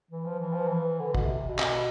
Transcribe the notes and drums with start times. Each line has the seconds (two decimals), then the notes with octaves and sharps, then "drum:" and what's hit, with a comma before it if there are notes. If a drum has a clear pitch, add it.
0.11 E3
0.25 F3
0.39 E3
0.53 F3
0.67 E3
1.00 D3
1.15 B2, drum: kick
1.24 C3
1.48 B2
1.59 drum: clap